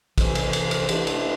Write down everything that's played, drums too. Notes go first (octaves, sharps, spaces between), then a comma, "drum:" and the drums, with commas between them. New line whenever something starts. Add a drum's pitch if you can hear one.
F2 C3 E3, drum: kick A#1, cymbal
drum: cymbal
drum: cymbal
drum: cymbal
E3 A3 D4 G4, drum: cymbal
drum: cymbal